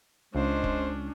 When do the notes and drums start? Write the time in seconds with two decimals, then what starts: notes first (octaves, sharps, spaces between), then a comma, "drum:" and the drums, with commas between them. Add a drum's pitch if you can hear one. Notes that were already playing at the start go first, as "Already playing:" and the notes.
0.35 C#2 G#3 C#4 D4 C5
0.64 drum: kick